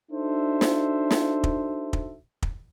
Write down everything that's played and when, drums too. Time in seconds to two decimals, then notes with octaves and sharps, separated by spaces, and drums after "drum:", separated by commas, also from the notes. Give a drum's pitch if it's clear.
0.12 D4 D#4 F#4 A4 C5 E5
0.61 drum: snare
1.11 drum: snare
1.44 drum: kick
1.93 drum: kick
2.42 drum: kick